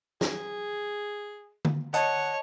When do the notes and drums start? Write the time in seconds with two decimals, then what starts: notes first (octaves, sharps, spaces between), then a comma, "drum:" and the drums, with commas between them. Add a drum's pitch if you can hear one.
0.21 G#4, drum: snare
1.65 drum: tom D3
1.94 C#5 D#5 F#5 A5, drum: hi-hat